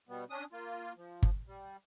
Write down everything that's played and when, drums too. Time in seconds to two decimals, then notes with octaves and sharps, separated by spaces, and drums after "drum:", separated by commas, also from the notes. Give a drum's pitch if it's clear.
0.09 B2 G3 B3
0.30 C#4 D4 D#6
0.52 A#3 F4
0.97 F3
1.23 drum: kick G1
1.47 G3